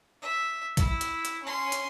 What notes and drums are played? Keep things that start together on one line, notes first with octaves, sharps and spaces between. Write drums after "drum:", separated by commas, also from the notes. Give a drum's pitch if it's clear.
E5
E4, drum: kick, hi-hat
drum: hi-hat
drum: hi-hat
C#4 C6
drum: hi-hat